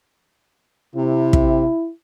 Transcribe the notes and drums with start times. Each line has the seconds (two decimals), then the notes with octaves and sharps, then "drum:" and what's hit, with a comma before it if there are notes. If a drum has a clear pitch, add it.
0.96 C3 E4
1.33 drum: kick